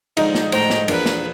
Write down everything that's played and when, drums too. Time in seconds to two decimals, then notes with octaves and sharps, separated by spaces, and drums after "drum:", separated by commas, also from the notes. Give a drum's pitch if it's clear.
0.17 G#2 D3 F3 D#4, drum: cymbal
0.35 drum: snare
0.52 A2 A3 C5 G5 A#5, drum: cymbal
0.70 drum: snare
0.88 E2 A#2 F3 D4 A#4 B4, drum: cymbal
1.06 drum: snare